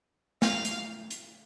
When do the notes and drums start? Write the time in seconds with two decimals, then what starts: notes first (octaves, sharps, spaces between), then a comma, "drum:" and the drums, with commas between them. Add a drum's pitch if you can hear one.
0.42 F5, drum: snare
0.65 drum: hi-hat
1.11 drum: hi-hat